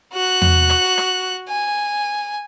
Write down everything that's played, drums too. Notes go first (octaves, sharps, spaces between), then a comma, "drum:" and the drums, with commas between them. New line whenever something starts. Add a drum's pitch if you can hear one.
F#4 F#6
drum: tom E2
drum: rim click
drum: rim click
G#5